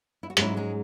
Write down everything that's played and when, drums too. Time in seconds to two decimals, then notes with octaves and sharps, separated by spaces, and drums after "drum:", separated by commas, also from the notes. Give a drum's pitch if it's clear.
0.23 E4
0.30 F#4
0.37 G#2 F#3 G#3 C#4 E4 G#4, drum: hi-hat
0.57 G#3 G#4